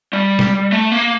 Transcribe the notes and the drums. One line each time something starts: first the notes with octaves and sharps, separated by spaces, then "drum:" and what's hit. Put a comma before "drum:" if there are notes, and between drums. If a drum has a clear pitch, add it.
G3
drum: snare
A3
A#3